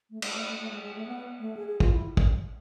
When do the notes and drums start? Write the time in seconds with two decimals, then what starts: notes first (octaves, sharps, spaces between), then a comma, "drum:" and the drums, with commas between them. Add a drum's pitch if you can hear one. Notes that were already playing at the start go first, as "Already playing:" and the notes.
0.10 A3
0.22 G#3, drum: cymbal
0.34 A3
0.47 A3
0.59 A3
0.71 G#3
0.83 G#3
0.95 A3
1.07 B3
1.40 A3
1.57 G#4
1.68 G#4
1.80 F4, drum: kick
1.92 E4
2.17 drum: kick